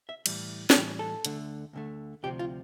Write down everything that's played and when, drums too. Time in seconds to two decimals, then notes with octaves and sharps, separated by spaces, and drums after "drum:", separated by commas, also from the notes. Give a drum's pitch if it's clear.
0.09 E5
0.26 A2 E3 G3, drum: cymbal
0.70 A4, drum: snare
0.75 A2 E3 G3 G4
0.99 A4
1.25 D2 D3 A3, drum: hi-hat
1.73 D2 D3 A3
2.23 D2 C3 F3 C4 G4
2.39 F4